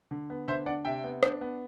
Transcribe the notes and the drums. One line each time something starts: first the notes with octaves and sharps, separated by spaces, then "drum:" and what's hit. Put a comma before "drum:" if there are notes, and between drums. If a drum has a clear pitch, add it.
D3
B3
D3 C5 E5
D4 D5 F#5
C3 E5 G5
B3
D4, drum: rim click
B3